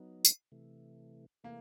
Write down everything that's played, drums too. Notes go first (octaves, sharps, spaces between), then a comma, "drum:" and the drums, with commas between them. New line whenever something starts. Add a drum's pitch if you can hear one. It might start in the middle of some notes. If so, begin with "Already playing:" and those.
Already playing: F#3 B3 D#4
drum: tambourine
C3 E3 A3
C3 E3 A3 A#3